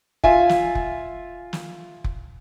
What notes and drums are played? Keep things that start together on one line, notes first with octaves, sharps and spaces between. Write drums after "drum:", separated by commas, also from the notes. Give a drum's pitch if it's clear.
F4 E5 G#5, drum: kick F1
drum: snare
drum: kick F1
drum: snare
drum: kick F1